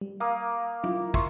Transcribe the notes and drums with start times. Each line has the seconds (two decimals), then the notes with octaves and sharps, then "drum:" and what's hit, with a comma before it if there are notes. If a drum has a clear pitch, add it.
0.01 G3
0.20 A#3 F5 D#6
0.83 E4 F4, drum: tom
1.14 E5 C6 C#6, drum: kick